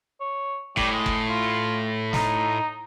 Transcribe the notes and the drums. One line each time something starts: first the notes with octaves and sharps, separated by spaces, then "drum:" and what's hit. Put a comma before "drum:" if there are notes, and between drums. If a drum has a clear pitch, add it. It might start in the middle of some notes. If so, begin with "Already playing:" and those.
C#5
A2 G3, drum: kick
G#3
drum: kick
F4
D#4, drum: snare